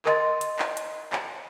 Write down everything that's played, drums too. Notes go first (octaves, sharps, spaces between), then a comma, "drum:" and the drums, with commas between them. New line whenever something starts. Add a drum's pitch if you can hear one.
A#4 D#5 C6 A6, drum: clap
drum: hi-hat
drum: clap
drum: hi-hat
drum: clap